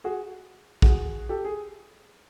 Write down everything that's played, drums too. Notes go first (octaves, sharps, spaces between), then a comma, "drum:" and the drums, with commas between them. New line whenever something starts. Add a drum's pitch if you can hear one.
F#4 G#4
F#4 G#4, drum: kick A#1
G4 A4
G#4